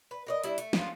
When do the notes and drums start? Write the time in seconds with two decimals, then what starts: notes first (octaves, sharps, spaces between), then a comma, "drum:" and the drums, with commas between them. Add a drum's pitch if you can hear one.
0.11 B4
0.27 A#4 D5 D#5
0.44 G3 D4 E4, drum: hi-hat
0.58 A3, drum: hi-hat
0.73 B3 F4, drum: snare